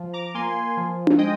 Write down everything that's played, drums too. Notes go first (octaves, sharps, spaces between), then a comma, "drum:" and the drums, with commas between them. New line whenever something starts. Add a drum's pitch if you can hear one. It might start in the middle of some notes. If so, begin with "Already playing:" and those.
Already playing: F3
A#5 D6
A#3 G#5 C6
F3
drum: tom D4
G#3 D#5 G5